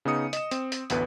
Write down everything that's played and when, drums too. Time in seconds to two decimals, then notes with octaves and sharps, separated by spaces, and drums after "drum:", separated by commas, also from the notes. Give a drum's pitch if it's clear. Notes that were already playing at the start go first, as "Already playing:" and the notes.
0.05 C#3 B3 D#4 D#6 C#7
0.33 D#5 E7, drum: hi-hat
0.51 C4, drum: hi-hat
0.72 drum: hi-hat
0.90 A1 D2 B3 B4, drum: hi-hat